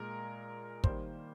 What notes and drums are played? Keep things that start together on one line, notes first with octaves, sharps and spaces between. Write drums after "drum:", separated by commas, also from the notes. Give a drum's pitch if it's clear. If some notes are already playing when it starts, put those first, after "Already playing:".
Already playing: A#2 G#3 A#4
D#3 G3 A#3 C5, drum: kick